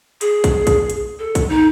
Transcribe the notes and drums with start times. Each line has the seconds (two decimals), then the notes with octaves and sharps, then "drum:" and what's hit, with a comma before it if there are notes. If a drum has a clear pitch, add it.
0.21 G#4, drum: hi-hat
0.44 drum: kick, hi-hat
0.67 drum: kick, hi-hat
0.90 drum: hi-hat
1.19 A4
1.35 drum: kick, hi-hat
1.49 D#4